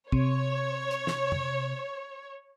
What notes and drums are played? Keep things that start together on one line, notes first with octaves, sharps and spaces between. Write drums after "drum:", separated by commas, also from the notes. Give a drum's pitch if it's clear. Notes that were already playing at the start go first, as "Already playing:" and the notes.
C3 C#5, drum: kick
drum: hi-hat
drum: snare
drum: tom